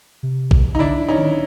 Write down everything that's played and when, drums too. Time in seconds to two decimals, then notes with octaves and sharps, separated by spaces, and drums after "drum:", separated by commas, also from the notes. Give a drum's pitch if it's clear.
0.23 C3
0.51 drum: kick A#1
0.75 D#4
0.79 D3 D4 E4
1.08 C#4 D#4
1.18 D#3